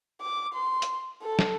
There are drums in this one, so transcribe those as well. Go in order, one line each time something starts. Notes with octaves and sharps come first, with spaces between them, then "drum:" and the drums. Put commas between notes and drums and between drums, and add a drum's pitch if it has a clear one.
D6
C6
drum: hi-hat
A4
drum: snare